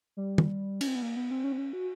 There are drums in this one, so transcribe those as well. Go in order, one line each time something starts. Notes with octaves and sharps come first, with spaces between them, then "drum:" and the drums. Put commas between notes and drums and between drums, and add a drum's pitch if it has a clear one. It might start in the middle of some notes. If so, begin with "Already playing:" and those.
G3
drum: tom
C#4, drum: cymbal
C4
B3
A#3
B3
C4
C#4
C4
C#4
F#4